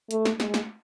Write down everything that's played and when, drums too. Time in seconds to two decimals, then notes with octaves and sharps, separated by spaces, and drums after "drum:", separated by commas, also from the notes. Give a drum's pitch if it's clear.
0.11 A3, drum: hi-hat
0.25 drum: snare
0.40 G#3, drum: snare
0.54 drum: snare